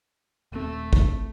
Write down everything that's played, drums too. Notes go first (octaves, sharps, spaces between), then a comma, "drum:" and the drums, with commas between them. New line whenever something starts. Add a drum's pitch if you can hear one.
D#1 A3 C4
drum: kick